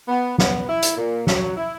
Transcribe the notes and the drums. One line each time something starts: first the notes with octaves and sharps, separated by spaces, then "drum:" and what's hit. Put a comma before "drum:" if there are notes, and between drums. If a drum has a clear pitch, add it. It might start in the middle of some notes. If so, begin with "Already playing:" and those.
B3
B3, drum: snare
E4
drum: hi-hat
A#2
F#3, drum: snare
E4